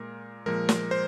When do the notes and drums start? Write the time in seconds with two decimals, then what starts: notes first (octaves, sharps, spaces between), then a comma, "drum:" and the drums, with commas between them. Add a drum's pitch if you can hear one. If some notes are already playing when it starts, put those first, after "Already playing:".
Already playing: A#2 G#3 A#4
0.46 A#2 F3 G#3 A#4
0.69 drum: snare
0.91 C5